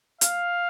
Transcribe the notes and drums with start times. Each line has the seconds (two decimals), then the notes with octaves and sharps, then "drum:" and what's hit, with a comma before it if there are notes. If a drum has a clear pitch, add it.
0.21 F5, drum: hi-hat